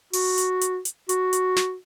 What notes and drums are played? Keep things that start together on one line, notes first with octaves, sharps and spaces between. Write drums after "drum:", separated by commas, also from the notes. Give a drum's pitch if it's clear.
F#4, drum: open hi-hat
drum: hi-hat
drum: hi-hat
drum: hi-hat
F#4, drum: hi-hat
drum: hi-hat
drum: snare